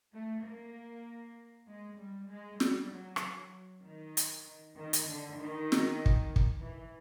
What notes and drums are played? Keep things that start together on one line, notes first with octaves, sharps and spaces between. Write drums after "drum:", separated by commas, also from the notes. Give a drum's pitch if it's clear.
A3
A#3
G#3
G3
G#3
G3, drum: snare
F#3
drum: rim click
D#3
drum: hi-hat
D#3
drum: hi-hat
D3
D#3
drum: snare
drum: kick
drum: kick
E3